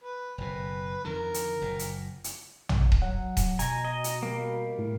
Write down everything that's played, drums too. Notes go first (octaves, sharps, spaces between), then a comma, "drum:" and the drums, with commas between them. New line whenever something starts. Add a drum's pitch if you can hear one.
B4
F#1 B2 B4
F2 D3 D#3 A#4
drum: hi-hat
F#1 A#2
drum: hi-hat
drum: hi-hat
drum: tom
drum: kick D#1
F#3 F#5
drum: kick D#1, hi-hat
B2 G#5 A#5 A#6, drum: hi-hat
D#5
drum: hi-hat
G3 A#3
A2